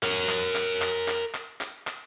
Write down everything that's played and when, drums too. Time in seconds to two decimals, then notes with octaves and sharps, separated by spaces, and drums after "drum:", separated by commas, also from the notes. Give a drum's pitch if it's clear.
0.03 A#4 C#5, drum: clap
0.29 drum: clap
0.56 drum: clap
0.82 drum: clap
1.08 drum: clap
1.35 drum: clap
1.61 drum: clap
1.87 drum: clap